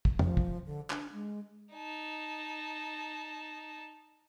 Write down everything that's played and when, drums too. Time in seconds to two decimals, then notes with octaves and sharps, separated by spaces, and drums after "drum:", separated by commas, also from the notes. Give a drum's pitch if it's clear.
0.05 drum: kick
0.19 F3, drum: tom
0.37 drum: kick
0.66 D3
0.90 D4, drum: clap
1.13 G#3
1.73 D#4 A5